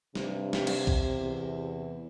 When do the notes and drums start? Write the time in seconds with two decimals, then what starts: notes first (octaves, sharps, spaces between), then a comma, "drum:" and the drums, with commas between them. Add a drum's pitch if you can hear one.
0.15 G2 C3, drum: snare
0.53 drum: snare
0.67 drum: cymbal
0.87 drum: kick B1
1.14 E2